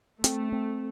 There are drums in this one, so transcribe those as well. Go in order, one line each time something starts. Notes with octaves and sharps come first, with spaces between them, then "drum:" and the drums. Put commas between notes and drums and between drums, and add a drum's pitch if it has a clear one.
A3 C4, drum: hi-hat
C4